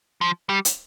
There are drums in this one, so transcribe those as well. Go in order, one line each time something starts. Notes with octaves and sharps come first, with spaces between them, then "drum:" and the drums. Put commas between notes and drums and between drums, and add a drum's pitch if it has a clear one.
F3
G3
drum: hi-hat